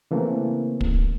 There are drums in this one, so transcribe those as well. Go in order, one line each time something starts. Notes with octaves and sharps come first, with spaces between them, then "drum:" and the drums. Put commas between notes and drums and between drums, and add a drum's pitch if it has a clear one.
C#3 E3 A3 A#3 C4
drum: kick